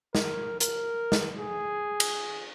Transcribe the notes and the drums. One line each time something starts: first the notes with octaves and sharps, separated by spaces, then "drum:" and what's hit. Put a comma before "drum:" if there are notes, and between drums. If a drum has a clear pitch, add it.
A#4, drum: snare
A#4, drum: hi-hat
drum: snare
G#4
drum: cymbal